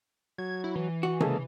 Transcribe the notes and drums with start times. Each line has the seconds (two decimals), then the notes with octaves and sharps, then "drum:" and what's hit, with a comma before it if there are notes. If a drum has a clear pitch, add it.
0.38 F#3 G#6
0.64 E4
0.75 E3
1.03 F#4
1.21 C#3 G#3 A#3 A4, drum: tom C3